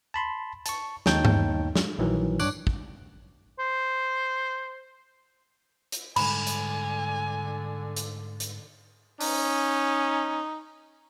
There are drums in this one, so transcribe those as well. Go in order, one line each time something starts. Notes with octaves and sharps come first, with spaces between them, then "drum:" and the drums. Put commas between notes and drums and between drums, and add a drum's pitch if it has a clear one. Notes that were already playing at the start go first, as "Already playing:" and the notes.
A5 B5 C6
A5 C#6, drum: hi-hat
D#2 D#4 C#5 G5 A5 G6, drum: snare
drum: tom G2
drum: snare
A#1 D#3 E3 F#3
G2 D4 C#5 D6 F#6, drum: tambourine
drum: kick
C5
drum: hi-hat
G#2 D3 G3 G#5 B5, drum: cymbal
drum: hi-hat
drum: hi-hat
drum: hi-hat
C#4 D#4, drum: open hi-hat